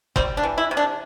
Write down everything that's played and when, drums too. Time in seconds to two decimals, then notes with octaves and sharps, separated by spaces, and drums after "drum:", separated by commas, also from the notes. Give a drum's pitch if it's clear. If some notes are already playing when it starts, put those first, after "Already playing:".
0.16 G3 C4, drum: kick F#1
0.37 D4
0.43 E3
0.58 E4
0.71 C3
0.77 D4